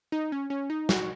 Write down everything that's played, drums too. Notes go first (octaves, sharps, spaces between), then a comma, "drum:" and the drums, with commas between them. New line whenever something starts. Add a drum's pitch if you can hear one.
D#4
C#4
C#4
D#4
F#4, drum: snare